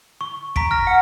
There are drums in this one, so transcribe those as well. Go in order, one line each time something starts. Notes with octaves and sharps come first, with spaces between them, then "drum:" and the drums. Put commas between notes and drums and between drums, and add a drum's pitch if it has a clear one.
C#6
A#5 B6 D7, drum: kick
F6 A#6
F#5